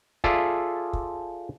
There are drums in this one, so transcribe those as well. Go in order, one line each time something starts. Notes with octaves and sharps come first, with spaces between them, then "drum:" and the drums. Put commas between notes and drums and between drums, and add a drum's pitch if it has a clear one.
F4 G#4 A4 D5 E5, drum: kick
drum: kick